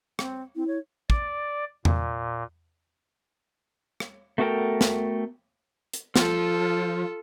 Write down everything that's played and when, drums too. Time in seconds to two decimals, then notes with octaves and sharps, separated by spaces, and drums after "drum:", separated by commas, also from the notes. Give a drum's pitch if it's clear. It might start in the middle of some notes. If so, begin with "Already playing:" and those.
0.19 C4, drum: rim click
0.56 C4 E4
0.67 C#5
1.10 D5, drum: kick
1.85 A#2, drum: tom E2
4.00 drum: rim click
4.38 A3 B3 F#4 A4 A#4 G5
4.81 drum: snare
5.93 drum: hi-hat
6.16 F3 F4 A4, drum: snare